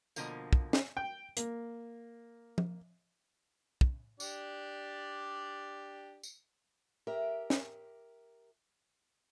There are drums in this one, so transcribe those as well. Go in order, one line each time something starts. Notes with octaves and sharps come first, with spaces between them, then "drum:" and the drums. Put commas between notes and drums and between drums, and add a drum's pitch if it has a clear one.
B2 D3 F3 A#3, drum: tambourine
drum: kick
drum: snare
G5
A#3, drum: hi-hat
drum: tom F3
drum: kick
D4 G4 D5, drum: tambourine
drum: tambourine
G4 A#4 E5
drum: snare